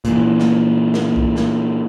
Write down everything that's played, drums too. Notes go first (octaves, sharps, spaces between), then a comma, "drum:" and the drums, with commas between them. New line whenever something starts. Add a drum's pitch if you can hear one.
A#2 E3, drum: hi-hat
drum: snare
drum: snare
drum: kick
drum: snare